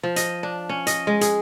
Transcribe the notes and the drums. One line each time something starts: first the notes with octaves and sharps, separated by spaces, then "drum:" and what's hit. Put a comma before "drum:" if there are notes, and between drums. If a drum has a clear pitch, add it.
F3
D#5, drum: hi-hat
D4
C#4
D#5, drum: hi-hat
G#3
G#4, drum: hi-hat